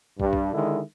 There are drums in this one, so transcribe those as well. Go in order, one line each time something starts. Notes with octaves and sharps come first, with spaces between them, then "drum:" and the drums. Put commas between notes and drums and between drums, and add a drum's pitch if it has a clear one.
G2, drum: kick
drum: kick
D3 D#3 G#3 E4